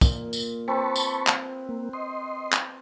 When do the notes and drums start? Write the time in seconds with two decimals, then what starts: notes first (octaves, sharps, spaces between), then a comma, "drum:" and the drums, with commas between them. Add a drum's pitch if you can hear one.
0.01 A#2, drum: kick, tambourine
0.33 drum: tambourine
0.68 C4 B4 A5 B5 C#6
0.96 drum: tambourine
1.27 drum: clap
1.69 A#3
1.93 D#5 C6
2.52 drum: clap